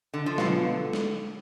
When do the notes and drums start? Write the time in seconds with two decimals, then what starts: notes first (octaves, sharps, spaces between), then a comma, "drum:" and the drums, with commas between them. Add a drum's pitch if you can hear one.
0.14 D3
0.26 F3
0.38 B2 D3 F#3 B3 F4, drum: snare
0.93 drum: snare